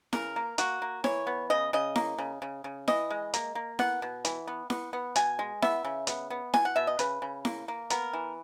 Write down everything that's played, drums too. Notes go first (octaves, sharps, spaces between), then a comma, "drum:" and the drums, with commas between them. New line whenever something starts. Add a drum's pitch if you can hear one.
C#3 A#4, drum: snare E4
A#3
A#3 F#4, drum: hi-hat
A#3
E3 C#5, drum: snare E4
B3
C#3 D#5
C#3 D#5
A#3, drum: snare E4
C#3
C#3
C#3
E3 D#5, drum: snare E4
G#3
A#3, drum: hi-hat
A#3
B3 F#5, drum: snare E4
B2
E3, drum: hi-hat
B3
B3, drum: snare E4
B3
B2 G#5, drum: hi-hat
G#3
B3 E5, drum: snare E4
C#3
B3, drum: hi-hat
B3
B2 G#5, drum: snare E4
F#5
B2 E5
D#5
C#3 B4, drum: hi-hat
C#3
A#3, drum: snare E4
A#3
B3 A#4, drum: hi-hat
E3